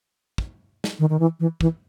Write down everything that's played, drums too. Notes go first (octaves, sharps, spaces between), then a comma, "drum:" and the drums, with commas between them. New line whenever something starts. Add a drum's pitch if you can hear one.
drum: kick
drum: snare
D#3
D#3
E3
E3
E3, drum: kick